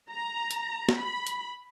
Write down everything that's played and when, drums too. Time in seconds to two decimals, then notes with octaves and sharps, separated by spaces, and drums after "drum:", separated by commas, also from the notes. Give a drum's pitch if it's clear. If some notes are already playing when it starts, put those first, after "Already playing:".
0.13 A#5
0.51 drum: hi-hat
0.89 drum: snare
1.00 B5
1.27 drum: hi-hat